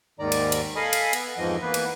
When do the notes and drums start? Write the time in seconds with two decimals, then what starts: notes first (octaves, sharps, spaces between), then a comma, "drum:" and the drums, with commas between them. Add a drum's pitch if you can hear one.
0.19 D#2 G#2 D#3 D5 A#5
0.32 drum: cymbal
0.52 drum: cymbal
0.76 A4 D#5 F5 G#5 B5 D#6
0.93 drum: cymbal
1.13 B3, drum: cymbal
1.38 F2 G#2 E3 F3 D#5
1.62 E3 A#3 B3 B4
1.74 drum: cymbal